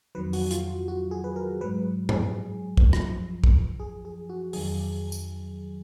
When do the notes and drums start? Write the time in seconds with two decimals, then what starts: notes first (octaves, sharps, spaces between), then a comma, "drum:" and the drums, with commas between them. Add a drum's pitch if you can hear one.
0.15 F2 D#3 F#3 B4
0.33 F#4, drum: open hi-hat
0.51 F4, drum: hi-hat
0.88 F#4
1.11 G#4
1.24 B4
1.36 A#4
1.61 G#2 F#3 B4
2.09 G#4, drum: tom G#2
2.77 drum: kick
2.93 drum: rim click
3.07 F#2 F3
3.44 drum: kick
3.80 G#4
4.05 G#4
4.29 F#4
4.53 F2 D#3 F#3 G#4, drum: open hi-hat
5.12 drum: tambourine